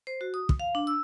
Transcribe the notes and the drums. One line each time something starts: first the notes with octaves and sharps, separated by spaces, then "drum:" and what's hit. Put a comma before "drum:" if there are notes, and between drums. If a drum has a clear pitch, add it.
C5
F#4
D#6
drum: kick
F5
D4
E6